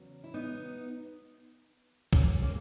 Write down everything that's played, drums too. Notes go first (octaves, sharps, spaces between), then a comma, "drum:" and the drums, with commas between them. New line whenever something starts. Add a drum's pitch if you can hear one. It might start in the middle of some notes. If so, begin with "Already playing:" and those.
Already playing: E2 C#3 F#3
E4
B3 D#4
A#3 C#4, drum: kick B1
A#3 C#4